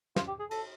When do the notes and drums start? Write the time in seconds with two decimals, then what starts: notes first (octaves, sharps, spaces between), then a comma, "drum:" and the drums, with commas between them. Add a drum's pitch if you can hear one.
0.16 F4, drum: snare
0.28 G4
0.39 G#4
0.51 A4, drum: cymbal